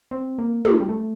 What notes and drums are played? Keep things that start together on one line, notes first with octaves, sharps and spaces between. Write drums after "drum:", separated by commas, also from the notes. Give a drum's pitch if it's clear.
C4
A#3
A#3, drum: tom
A3
G3
A3